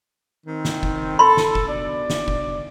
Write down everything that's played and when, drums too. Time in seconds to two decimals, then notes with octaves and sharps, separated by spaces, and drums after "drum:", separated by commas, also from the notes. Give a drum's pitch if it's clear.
0.47 D#3 C4
0.65 drum: snare
0.83 drum: kick F1
1.19 A4 B5 C6
1.37 drum: snare
1.55 drum: kick F1
1.67 B2 D4 D5
2.10 drum: snare
2.28 drum: kick F1